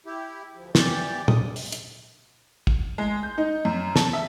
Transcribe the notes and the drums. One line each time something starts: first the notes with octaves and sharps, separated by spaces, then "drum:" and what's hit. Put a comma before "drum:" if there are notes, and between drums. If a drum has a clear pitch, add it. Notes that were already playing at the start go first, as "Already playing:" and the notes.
E4 G4
D2 F3
E3 G4 D5, drum: snare
D#6, drum: tom
drum: open hi-hat
drum: hi-hat
drum: kick
G#3
G6
D#4
F#2
A5, drum: snare
E5